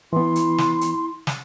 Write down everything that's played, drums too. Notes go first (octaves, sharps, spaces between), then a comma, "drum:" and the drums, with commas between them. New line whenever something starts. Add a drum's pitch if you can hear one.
E3 B3 E4 C6
drum: hi-hat
drum: snare
drum: hi-hat
drum: snare